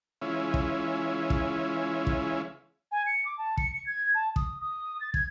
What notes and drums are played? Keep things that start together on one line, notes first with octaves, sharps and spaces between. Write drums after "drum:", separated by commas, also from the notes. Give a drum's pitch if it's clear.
C#3 E3 G#3 C#4 E4 F4
drum: kick
drum: kick
drum: kick
G#5
C#7
D6
A5
C#7, drum: kick
C#7
G#6
A5
D#6, drum: kick
D#6
A6
G#6, drum: kick